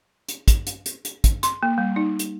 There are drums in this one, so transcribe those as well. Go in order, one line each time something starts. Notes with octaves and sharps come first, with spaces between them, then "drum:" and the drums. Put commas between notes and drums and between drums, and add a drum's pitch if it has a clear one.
drum: hi-hat
drum: kick, hi-hat
drum: hi-hat
drum: hi-hat
drum: hi-hat
drum: kick, hi-hat
C6, drum: hi-hat
A#3
G3
D#4
drum: hi-hat